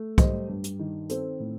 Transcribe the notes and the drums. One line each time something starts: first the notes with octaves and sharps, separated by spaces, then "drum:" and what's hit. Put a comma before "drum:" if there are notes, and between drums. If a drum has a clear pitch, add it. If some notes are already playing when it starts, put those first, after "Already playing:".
Already playing: A3
G3 C5 D#5, drum: kick, hi-hat
G2
drum: hi-hat
D#3
C4 A4 C5, drum: hi-hat
A2